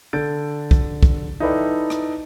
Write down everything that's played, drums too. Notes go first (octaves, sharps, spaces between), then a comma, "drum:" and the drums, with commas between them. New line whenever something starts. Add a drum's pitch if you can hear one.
D3 A4 G6 A6 D7
drum: kick
drum: kick
D#4 E4 A4 B4 D5 G5
drum: rim click